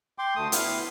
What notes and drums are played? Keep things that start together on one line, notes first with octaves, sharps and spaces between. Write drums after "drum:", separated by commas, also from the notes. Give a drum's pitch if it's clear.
G5 C6 D6
D2 A3 D#6
B3 E4 F5, drum: hi-hat